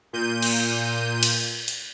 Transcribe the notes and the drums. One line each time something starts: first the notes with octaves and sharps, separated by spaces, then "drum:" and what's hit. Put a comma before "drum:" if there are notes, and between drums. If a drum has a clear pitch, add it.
A#2 G6 D#7
drum: cymbal
drum: cymbal
drum: hi-hat